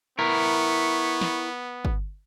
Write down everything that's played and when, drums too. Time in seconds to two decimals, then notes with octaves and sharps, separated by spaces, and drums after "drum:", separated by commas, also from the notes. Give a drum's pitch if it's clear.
0.19 B3 E4 A#4 C#6
1.21 drum: snare
1.85 drum: kick G1